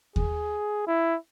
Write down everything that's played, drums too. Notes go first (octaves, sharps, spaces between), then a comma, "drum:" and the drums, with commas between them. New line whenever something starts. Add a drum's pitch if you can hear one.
G#4, drum: kick D#2
E4